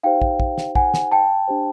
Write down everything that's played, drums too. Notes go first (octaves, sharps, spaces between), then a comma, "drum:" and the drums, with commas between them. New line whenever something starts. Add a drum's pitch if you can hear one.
D#4 G4 C5 F5 G5
drum: kick
drum: kick
drum: snare
F#5 G#5, drum: kick
drum: snare
G5 A5
D4 G4 C5